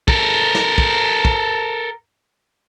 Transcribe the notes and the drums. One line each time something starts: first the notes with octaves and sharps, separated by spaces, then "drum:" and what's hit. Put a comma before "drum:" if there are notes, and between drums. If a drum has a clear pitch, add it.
A4 A#4, drum: kick
drum: snare
drum: kick
drum: kick